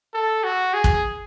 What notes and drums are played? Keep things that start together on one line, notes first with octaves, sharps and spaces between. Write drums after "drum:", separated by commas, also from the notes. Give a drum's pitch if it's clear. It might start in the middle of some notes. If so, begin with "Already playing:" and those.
A4
F#4
G#4
drum: kick